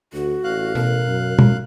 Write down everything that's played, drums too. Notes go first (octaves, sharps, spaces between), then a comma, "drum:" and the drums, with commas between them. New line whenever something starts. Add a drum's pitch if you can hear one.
D2 F#4
A1 F5 F#6
B2 A#4
F#2
drum: tom